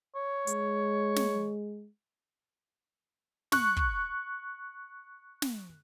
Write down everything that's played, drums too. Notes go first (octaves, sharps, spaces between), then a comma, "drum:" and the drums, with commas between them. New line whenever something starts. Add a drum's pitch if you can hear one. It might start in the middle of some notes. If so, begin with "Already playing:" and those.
C#5
G#3, drum: hi-hat
drum: snare
C#6 F#6, drum: snare
drum: kick
drum: snare